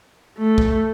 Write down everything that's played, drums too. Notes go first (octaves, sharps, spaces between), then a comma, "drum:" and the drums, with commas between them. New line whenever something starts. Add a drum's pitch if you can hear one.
A3
drum: kick